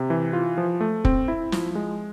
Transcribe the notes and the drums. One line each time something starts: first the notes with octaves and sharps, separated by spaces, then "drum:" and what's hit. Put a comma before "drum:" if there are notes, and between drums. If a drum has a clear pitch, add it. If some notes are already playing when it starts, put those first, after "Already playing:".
Already playing: C3
E3
F4
F3
A3
C4, drum: kick
E4
F3, drum: snare
G#3